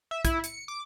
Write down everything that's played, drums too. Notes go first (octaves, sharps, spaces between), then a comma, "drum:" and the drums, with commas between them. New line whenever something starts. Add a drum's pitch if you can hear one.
E5
E4, drum: kick, hi-hat
C#7, drum: hi-hat
D6